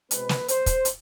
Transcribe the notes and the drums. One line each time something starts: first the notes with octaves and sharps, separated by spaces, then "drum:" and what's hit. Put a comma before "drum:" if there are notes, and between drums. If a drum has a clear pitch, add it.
B2 G#3 C4 B4, drum: hi-hat
drum: snare
C5, drum: hi-hat
drum: kick, hi-hat
drum: hi-hat